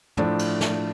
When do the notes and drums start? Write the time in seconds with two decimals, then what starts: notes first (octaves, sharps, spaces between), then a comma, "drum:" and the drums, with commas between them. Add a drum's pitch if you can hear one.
0.17 A2 F3 A3 D4, drum: tom
0.39 drum: cymbal
0.61 drum: snare